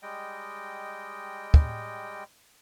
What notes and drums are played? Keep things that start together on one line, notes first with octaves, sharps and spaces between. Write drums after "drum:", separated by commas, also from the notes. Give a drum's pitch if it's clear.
G3 G#3 D#5 G5
drum: kick